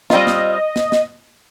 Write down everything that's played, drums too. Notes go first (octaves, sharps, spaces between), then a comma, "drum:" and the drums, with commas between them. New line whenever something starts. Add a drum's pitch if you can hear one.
G3 C4 F4 D#5, drum: snare
drum: snare
drum: snare
drum: snare